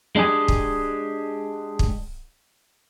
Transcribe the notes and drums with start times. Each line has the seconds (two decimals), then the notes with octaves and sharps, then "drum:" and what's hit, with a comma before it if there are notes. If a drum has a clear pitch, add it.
0.16 G#3 D4 G4 G#4
0.48 drum: kick
1.79 drum: kick